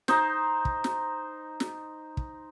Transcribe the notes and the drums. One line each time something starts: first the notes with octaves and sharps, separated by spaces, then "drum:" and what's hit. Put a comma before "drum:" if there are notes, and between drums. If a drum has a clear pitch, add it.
D#4 C5, drum: snare
drum: kick
drum: snare
drum: snare
drum: kick